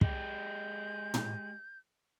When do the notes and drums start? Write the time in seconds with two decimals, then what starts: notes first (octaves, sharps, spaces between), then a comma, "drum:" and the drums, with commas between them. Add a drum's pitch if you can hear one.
0.01 G#3 G4 G6, drum: kick
1.14 drum: tom